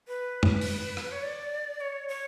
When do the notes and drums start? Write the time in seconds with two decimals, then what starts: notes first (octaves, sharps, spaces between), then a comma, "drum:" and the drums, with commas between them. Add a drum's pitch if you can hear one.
0.08 B4
0.43 drum: tom
0.61 drum: open hi-hat
0.97 drum: rim click
1.12 C#5
1.22 D5
1.81 C#5
2.08 C#5